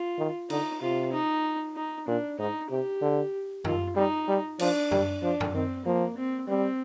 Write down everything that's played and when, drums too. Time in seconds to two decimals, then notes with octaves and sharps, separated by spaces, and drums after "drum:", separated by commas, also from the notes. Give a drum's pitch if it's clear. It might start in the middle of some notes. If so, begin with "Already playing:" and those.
Already playing: F4
0.18 D#3
0.50 D3 D#4, drum: cymbal
0.81 C3 F4
1.13 D#4
1.76 D#4
2.07 A#2 D4
2.39 G#2 D#4
2.70 C3 G4
3.02 D3
3.65 D#3 F4, drum: tom F#2
3.96 G3 D#4
4.28 G3
4.59 F3 D4, drum: cymbal
4.91 G3, drum: tom F#2
5.22 F3 D4
5.40 drum: tom F#2
5.54 D#3 C4
5.85 F3 A#3
6.17 C4
6.48 G3 C4